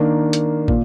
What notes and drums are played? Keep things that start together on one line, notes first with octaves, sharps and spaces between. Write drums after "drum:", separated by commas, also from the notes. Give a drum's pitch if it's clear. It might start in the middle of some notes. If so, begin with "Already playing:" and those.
Already playing: D#3 A#3 D4
drum: hi-hat
A#2, drum: kick